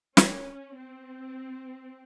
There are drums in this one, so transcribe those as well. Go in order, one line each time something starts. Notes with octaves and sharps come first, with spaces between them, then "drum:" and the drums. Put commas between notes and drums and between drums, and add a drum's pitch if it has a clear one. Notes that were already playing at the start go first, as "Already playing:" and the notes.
C#4, drum: snare
C4